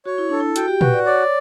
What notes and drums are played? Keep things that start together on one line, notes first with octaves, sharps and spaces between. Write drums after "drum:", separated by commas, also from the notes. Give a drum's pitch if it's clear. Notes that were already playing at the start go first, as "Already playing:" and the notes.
F#4 C#5
E4
D4 A4
E4
F#4 G5, drum: hi-hat
G4
F#4 B4, drum: tom
D5
C#5 D5